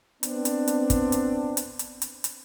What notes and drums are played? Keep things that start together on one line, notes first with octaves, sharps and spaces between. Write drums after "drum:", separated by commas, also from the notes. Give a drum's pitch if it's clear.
B3 C4 D4, drum: hi-hat
drum: hi-hat
drum: hi-hat
drum: kick, hi-hat
drum: hi-hat
drum: hi-hat
drum: hi-hat
drum: hi-hat
drum: hi-hat